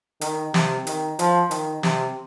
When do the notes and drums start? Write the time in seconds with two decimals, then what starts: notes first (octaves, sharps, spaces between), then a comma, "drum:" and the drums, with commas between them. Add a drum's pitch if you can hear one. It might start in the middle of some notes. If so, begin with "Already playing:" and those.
0.21 D#3, drum: hi-hat
0.54 C3, drum: snare
0.87 D#3, drum: hi-hat
1.19 F3, drum: hi-hat
1.51 D#3, drum: hi-hat
1.83 C3, drum: snare